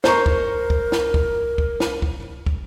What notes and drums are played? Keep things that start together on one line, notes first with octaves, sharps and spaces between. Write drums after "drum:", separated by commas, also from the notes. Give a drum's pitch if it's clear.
A#4 C5 A#5 C#6, drum: snare
drum: kick
drum: kick
drum: snare
drum: kick
drum: kick
drum: snare
drum: kick
drum: kick